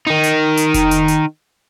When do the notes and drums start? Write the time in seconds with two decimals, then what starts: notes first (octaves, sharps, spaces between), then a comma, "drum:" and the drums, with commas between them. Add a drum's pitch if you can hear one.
0.07 D#3 D#4
0.23 drum: hi-hat
0.57 drum: hi-hat
0.74 drum: kick F1, hi-hat
0.91 drum: hi-hat
1.08 drum: hi-hat